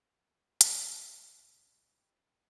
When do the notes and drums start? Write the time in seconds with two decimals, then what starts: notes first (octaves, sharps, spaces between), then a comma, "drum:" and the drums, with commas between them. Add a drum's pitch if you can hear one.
0.14 A#3
0.61 drum: hi-hat
1.27 C#2 A#2 C#3
2.00 G5 B5